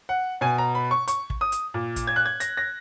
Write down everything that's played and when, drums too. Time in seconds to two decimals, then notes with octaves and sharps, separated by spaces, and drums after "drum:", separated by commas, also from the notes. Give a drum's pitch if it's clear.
0.09 F#5
0.41 B2 G#5
0.58 A#5
0.75 B5
0.91 C#6
1.08 C#6, drum: hi-hat
1.30 drum: kick
1.41 D#6
1.52 drum: hi-hat
1.74 A#2
1.96 drum: kick, hi-hat
2.07 G#6
2.16 F#6
2.26 G#6
2.40 A#6, drum: hi-hat
2.57 A#6